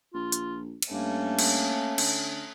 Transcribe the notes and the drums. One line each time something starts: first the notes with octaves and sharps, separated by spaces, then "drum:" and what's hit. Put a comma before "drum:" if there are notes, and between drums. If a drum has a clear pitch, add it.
A#1 F4
drum: hi-hat
drum: cymbal
G2 A3 A#3 C#4
drum: cymbal
D3, drum: cymbal